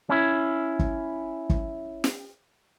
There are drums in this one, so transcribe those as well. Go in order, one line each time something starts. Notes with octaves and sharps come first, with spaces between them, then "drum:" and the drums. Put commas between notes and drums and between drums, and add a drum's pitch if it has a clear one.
C#4 E4
drum: kick
drum: kick
drum: snare